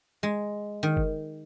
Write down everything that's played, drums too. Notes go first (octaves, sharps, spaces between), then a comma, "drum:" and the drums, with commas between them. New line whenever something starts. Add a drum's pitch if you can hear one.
G#3
D#3
drum: kick F#1